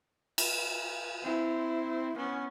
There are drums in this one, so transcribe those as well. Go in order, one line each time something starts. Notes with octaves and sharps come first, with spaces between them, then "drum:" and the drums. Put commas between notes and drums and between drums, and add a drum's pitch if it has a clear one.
drum: cymbal
C4 E4
B3 C#4